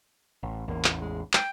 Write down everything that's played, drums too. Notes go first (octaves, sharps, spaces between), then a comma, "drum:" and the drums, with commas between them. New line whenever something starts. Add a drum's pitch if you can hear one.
A1
A1 E2 A#3
drum: clap
G#3
G5, drum: clap